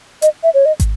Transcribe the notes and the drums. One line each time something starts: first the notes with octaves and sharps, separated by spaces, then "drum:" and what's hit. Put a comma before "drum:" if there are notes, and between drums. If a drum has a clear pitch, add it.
D#5, drum: hi-hat
E5
C#5
D#5
drum: kick, hi-hat